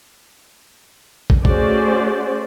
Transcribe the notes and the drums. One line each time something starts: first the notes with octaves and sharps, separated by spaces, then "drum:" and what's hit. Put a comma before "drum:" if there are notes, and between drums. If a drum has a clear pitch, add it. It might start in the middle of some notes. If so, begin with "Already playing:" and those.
drum: kick
A3 C#4 F#4 G#4 C5 D5, drum: kick